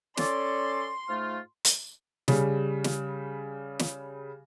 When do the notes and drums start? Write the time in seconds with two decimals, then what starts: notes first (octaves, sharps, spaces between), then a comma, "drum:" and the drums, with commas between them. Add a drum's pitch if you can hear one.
0.17 C#4 A4 D5 C6, drum: snare
1.09 G#2 A3 F4
1.65 drum: hi-hat
2.28 C#3 G3, drum: snare
2.84 drum: snare
3.79 drum: snare